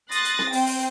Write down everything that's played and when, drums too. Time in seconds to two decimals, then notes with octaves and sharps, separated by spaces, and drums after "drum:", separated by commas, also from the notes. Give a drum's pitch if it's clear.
0.12 C6 D#6 F#6 A6 A#6, drum: hi-hat
0.25 drum: hi-hat
0.39 drum: snare C4
0.53 C4 C5 G5, drum: open hi-hat
0.66 drum: open hi-hat